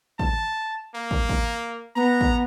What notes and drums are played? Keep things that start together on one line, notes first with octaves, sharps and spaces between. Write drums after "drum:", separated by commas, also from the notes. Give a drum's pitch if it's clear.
A5, drum: kick
A#3
drum: kick
drum: kick
B3 A#5
drum: kick